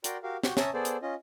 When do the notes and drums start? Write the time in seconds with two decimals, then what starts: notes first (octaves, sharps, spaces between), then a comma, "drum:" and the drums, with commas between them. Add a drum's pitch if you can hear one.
0.04 F#4 A#4 D5 G5 A#5 C6, drum: hi-hat
0.23 F#4 G4 A#4 F5
0.43 F#4 G4 C#6 G6, drum: snare
0.57 C#4 C#5 E5 A5 A#5 D#6, drum: snare
0.74 B3 G#4 A4 C5 D5
0.85 drum: hi-hat
1.02 C#4 F4 D#5